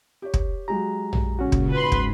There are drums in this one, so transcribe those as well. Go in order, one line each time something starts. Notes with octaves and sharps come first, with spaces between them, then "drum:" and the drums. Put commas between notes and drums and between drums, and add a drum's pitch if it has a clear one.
G4 C#5
drum: kick
F#3 G#3 G4 A#5
drum: tom A#1
A#2 C#3 C#4 F#4
drum: kick
G#2 B4 B5 C6
drum: kick